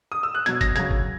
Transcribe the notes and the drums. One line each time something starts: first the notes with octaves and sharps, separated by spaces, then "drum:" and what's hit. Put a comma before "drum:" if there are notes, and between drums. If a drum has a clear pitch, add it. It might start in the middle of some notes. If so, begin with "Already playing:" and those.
D#6
E6
F#6
B2 F#3 G#6, drum: hi-hat
A#6, drum: kick, hi-hat
C#3 F#3 G#6, drum: hi-hat
drum: kick